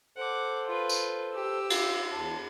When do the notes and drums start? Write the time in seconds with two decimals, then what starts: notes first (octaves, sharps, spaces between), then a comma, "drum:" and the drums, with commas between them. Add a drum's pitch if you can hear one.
0.18 A4 C5 F#5 D6
0.68 F4 B4
0.89 drum: tambourine
1.34 G4 E6
1.70 F5, drum: cymbal
2.13 E2 A5